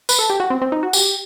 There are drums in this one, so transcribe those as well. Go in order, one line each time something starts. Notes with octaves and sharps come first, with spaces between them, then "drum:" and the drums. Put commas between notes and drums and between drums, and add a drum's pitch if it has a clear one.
B4, drum: tambourine
A4
G4
F#4
C4
C4
D#4
F#4
G4, drum: tambourine